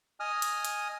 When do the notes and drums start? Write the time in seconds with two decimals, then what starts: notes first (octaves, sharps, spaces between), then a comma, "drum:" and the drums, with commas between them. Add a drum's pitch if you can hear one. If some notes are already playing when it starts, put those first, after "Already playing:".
0.20 D#5 G#5 D#6 F6
0.42 drum: hi-hat
0.65 drum: hi-hat